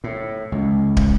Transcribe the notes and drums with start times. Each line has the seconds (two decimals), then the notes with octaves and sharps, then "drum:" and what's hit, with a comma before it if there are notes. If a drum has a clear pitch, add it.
0.04 A2
0.52 C#2
0.97 drum: kick